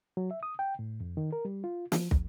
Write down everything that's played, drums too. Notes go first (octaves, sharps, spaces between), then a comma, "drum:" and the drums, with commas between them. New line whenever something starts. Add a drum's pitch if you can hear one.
F#3
E5
D#6
G5
A2
F2
D#3
A#4
G3
F4
F3, drum: snare
F2, drum: kick